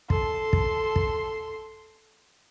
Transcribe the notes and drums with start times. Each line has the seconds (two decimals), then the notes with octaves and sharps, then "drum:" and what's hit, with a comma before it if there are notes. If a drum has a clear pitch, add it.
0.10 A4 C6, drum: kick
0.53 drum: kick
0.96 drum: kick